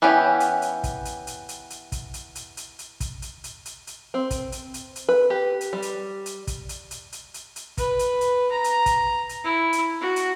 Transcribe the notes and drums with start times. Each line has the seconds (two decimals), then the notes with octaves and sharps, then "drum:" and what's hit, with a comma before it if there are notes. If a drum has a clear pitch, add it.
0.02 E3 B3 C#4 G4 C#5
0.40 drum: hi-hat
0.62 drum: hi-hat
0.84 drum: kick, hi-hat
1.05 drum: hi-hat
1.27 drum: hi-hat
1.49 drum: hi-hat
1.70 drum: hi-hat
1.92 drum: kick, hi-hat
2.14 drum: hi-hat
2.35 drum: hi-hat
2.57 drum: hi-hat
2.79 drum: hi-hat
3.00 drum: kick, hi-hat
3.22 drum: hi-hat
3.44 drum: hi-hat
3.65 drum: hi-hat
3.87 drum: hi-hat
4.14 C4
4.31 drum: kick, hi-hat
4.52 drum: hi-hat
4.74 drum: hi-hat
4.96 drum: hi-hat
5.09 B4
5.30 G4
5.61 drum: hi-hat
5.73 G3
5.82 drum: hi-hat
6.26 drum: hi-hat
6.47 drum: kick, hi-hat
6.69 drum: hi-hat
6.91 drum: hi-hat
7.12 drum: hi-hat
7.34 drum: hi-hat
7.56 drum: hi-hat
7.77 B4, drum: kick, hi-hat
7.99 drum: hi-hat
8.21 drum: hi-hat
8.51 A#5
8.64 drum: hi-hat
8.86 drum: kick, hi-hat
9.29 drum: hi-hat
9.44 E4
9.73 drum: hi-hat
10.01 F#4
10.16 drum: hi-hat